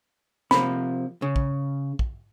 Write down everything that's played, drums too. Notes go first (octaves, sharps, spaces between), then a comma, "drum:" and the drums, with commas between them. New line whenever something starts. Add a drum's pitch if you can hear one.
C3 F3 A#3 B5, drum: snare
C#3
drum: kick
drum: kick